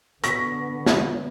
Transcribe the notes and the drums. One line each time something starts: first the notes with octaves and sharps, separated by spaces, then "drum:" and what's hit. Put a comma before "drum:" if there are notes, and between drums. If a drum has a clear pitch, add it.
D3 B3 C#6 A#6 B6, drum: hi-hat
drum: snare